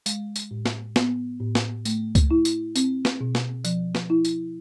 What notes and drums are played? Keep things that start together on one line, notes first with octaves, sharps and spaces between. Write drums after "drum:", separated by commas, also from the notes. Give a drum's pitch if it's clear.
G#3, drum: tambourine
drum: tambourine
A2
drum: snare
B3, drum: snare
A2
drum: snare
A3, drum: tambourine
drum: kick C#2, tambourine
E4
drum: tambourine
C4, drum: tambourine
drum: snare
B2
drum: snare
F3, drum: tambourine
drum: snare
E4
drum: tambourine